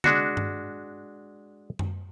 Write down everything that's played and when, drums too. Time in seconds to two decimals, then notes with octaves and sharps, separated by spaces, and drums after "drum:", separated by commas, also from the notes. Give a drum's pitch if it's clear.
0.04 G#3 D4 F#4, drum: tom D3
0.37 drum: tom G2
1.79 drum: tom F#2